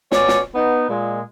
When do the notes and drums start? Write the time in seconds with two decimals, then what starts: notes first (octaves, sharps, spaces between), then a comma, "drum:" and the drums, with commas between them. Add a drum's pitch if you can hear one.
0.12 B2 C#4 C#5 D5, drum: snare
0.28 drum: snare
0.55 B3 D#4
0.89 A#2 G#3